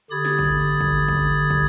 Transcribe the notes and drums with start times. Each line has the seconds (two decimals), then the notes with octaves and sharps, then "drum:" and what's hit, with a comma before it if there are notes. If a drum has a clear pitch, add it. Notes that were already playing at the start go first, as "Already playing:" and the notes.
0.11 D3 G4 B5 D#6 G#6 A6
0.25 drum: snare
0.39 drum: kick
0.80 drum: kick
1.08 drum: kick
1.50 drum: kick